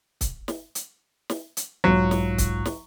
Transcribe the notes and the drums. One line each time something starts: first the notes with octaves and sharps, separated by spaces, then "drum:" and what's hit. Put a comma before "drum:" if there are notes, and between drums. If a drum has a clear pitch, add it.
drum: kick C#1, hi-hat
drum: snare
drum: hi-hat
drum: snare
drum: hi-hat
B1 G#2 F#3 F4
drum: snare
drum: kick C#1, hi-hat
drum: snare